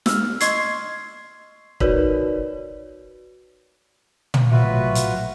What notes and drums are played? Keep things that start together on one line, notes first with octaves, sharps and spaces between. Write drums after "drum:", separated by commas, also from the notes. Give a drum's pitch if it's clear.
E6 F6, drum: snare
D#5 C6 C#6 G#6 C7, drum: hi-hat
D#4 F#4 A#4 B4 C#5 D5, drum: kick
drum: tom
A#1 A2 F#3 F4 F#4 B4 E5
drum: hi-hat